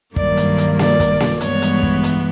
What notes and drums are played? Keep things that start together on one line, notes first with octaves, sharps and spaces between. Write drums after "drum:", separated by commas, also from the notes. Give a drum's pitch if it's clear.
G2 D#3 F#3 A#3 D5, drum: kick
drum: hi-hat
drum: hi-hat
D5, drum: snare A#3
drum: kick, hi-hat
drum: snare A#3
G2 E3 G#3 B3 C#5, drum: hi-hat
drum: hi-hat
drum: kick
drum: hi-hat